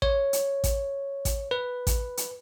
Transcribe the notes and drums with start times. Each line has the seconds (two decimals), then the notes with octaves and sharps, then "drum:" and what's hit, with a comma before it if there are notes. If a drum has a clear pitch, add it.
0.02 C#5, drum: kick A1
0.33 drum: hi-hat
0.64 drum: kick A1, hi-hat
1.25 drum: kick A1, hi-hat
1.51 B4
1.87 drum: kick A1, hi-hat
2.17 drum: hi-hat